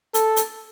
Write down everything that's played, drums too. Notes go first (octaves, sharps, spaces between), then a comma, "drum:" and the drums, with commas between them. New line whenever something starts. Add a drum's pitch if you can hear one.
A4, drum: hi-hat
drum: hi-hat